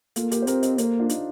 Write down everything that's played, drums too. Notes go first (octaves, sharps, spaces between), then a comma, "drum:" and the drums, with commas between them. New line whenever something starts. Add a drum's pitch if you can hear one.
A#3 F4 A4, drum: hi-hat
G4 A#4, drum: hi-hat
C5
C4 G4 A#4, drum: hi-hat
C5 D#5, drum: hi-hat
A#3 A4 C5, drum: hi-hat
D4 F4
D#4, drum: hi-hat